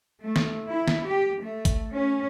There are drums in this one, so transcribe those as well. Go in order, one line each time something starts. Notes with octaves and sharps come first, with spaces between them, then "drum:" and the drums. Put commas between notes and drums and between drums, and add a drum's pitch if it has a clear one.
A3
drum: snare
E4
drum: snare
G4
A3
drum: kick G#1, hi-hat
C#4